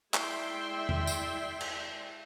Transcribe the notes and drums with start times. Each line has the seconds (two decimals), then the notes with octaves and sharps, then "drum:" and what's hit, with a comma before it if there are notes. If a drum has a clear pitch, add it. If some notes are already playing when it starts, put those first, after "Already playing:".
0.14 G#3 E4 D5 E5 G5 C6, drum: clap
0.89 drum: tom
1.07 drum: tambourine
1.61 drum: cymbal